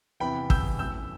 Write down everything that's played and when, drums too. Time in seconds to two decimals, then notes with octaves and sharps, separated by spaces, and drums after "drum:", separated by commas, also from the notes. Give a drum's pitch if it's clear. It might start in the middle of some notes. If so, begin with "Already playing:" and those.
0.20 E2 C3 E3 B3 E4 G5 B5
0.50 E6 G6, drum: kick
0.79 F#2 F#3 A3 E6 G6